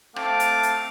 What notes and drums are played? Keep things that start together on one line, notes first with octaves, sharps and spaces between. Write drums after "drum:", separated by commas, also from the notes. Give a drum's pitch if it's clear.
A3 C4 F5 A5 D6, drum: rim click
drum: hi-hat
drum: hi-hat